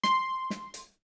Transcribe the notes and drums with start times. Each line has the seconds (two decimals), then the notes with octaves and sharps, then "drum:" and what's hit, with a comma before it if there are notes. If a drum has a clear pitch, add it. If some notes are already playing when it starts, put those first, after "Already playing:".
0.04 C6, drum: snare
0.50 drum: snare
0.74 drum: hi-hat